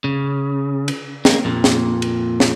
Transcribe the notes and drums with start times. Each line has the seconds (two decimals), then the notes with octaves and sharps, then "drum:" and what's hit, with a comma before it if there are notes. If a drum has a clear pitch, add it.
0.04 C#3
0.88 drum: cymbal
1.25 A#3, drum: snare
1.45 F2 A#2
1.64 drum: snare
2.02 drum: cymbal
2.40 drum: snare